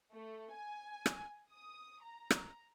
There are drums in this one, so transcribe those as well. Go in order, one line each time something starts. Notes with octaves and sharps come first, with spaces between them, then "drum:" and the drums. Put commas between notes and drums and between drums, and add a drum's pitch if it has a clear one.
A3
G#5
drum: rim click
D#6
A#5
drum: rim click